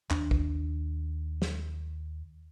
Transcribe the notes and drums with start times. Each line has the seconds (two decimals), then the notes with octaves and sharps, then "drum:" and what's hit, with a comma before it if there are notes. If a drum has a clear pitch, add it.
0.10 D#2 D4, drum: clap
0.31 drum: kick A#1
1.42 drum: snare